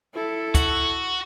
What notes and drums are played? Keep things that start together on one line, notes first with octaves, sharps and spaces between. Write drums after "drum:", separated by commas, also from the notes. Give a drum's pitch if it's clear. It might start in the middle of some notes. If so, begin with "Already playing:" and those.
E4 A4
F#4, drum: kick, hi-hat